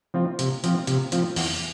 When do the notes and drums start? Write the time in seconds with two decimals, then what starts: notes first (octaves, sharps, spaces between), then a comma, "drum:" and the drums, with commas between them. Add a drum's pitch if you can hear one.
0.14 F3 C4 F4
0.39 C3, drum: hi-hat
0.64 F3 C4 F4, drum: hi-hat
0.87 C3, drum: hi-hat
1.12 F3 C4 F4, drum: hi-hat
1.36 E2, drum: open hi-hat